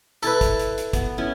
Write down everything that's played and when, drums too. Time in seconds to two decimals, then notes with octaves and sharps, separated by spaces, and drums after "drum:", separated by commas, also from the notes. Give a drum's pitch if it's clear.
0.23 E4 A4 B4 B5, drum: hi-hat
0.41 drum: kick, hi-hat
0.59 drum: hi-hat
0.78 drum: hi-hat
0.93 B3, drum: kick, hi-hat
1.18 B3 C#4 E4